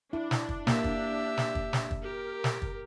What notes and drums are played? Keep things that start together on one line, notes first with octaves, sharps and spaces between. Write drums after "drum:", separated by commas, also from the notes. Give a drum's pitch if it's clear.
D4 E4
drum: snare
drum: kick
A#3 G4 E5, drum: snare
drum: kick
drum: snare
drum: kick
drum: snare
drum: kick
G4 A#4
drum: snare
drum: kick